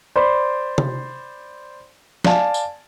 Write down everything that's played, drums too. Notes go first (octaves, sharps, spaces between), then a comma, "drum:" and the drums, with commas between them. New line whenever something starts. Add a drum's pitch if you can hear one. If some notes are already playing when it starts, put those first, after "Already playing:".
C5 D5 B5 C6
drum: tom C3
D5 F5 G#5 A5, drum: snare
drum: tambourine